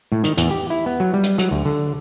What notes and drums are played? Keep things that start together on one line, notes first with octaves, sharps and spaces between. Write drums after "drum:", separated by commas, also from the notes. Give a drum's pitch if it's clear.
A2
D#3, drum: hi-hat
E2, drum: hi-hat
G4
E4
B3
F#3
G3
drum: hi-hat
F#3, drum: hi-hat
D2
D3